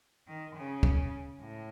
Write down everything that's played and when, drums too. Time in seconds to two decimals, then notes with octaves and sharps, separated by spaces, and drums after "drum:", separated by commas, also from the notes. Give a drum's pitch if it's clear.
0.27 D#3
0.55 C#3
0.83 drum: kick
1.41 A2